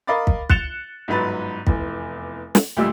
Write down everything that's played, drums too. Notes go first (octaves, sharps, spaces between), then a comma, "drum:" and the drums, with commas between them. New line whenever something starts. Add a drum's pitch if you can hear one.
A#4 D#5 F5 B5 D6 A6
drum: kick
F#6 A6 C#7 E7 F7 G7, drum: kick
G1 G#2 F#3 B4 B5 A6
F1 E2, drum: kick
drum: snare
D2 A#2 G3 G#3 G4 E6